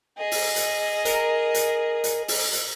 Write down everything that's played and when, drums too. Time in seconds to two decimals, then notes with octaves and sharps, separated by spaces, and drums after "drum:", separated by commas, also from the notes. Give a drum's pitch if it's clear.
0.17 G#4 D#5
0.31 drum: open hi-hat
0.56 drum: hi-hat
1.05 A#4, drum: hi-hat
1.54 drum: hi-hat
2.04 drum: hi-hat
2.28 drum: open hi-hat
2.53 drum: hi-hat